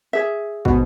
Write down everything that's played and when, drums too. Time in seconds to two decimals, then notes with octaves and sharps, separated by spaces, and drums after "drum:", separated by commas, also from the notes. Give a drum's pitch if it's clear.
0.13 G#4 E5
0.65 G#2 B2, drum: kick